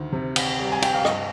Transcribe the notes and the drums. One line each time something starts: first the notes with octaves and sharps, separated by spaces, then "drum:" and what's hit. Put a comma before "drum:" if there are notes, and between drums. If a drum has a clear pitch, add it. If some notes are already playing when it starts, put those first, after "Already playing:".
Already playing: D2 D#3
C3
drum: cymbal
G3
G#5
G5, drum: cymbal
F5
G2 D#5, drum: rim click